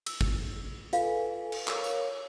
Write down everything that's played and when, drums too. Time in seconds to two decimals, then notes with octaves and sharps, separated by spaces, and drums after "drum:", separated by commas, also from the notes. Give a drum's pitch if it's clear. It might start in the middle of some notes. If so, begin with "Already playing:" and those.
0.06 E6, drum: cymbal
0.21 drum: kick
0.93 F4 A4 B4 F5 G#5, drum: hi-hat
1.52 drum: cymbal
1.68 A#4 C#5 F5 E6, drum: clap
1.84 drum: tambourine